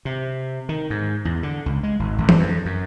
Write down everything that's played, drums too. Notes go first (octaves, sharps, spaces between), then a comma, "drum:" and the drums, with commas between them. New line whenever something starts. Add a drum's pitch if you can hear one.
C3
D#3
G#2
E2
D3
C#2
G#3
G#1
G#1
drum: tom E3
F2
F#2